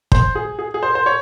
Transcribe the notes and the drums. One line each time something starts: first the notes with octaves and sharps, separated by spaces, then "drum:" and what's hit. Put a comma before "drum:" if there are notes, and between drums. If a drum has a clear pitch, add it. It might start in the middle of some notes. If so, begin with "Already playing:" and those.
C5, drum: kick
G#4
G#4
G#4
C5
C5
C#5